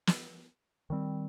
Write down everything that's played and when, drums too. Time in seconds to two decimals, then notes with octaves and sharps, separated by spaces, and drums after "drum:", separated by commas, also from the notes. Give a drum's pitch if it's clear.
0.07 drum: snare
0.90 D#3 G3 C4